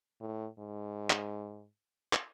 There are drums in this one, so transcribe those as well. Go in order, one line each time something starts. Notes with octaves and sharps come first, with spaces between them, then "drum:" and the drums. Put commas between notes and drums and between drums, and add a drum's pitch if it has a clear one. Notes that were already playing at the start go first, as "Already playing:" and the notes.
A2
G#2
drum: clap
drum: clap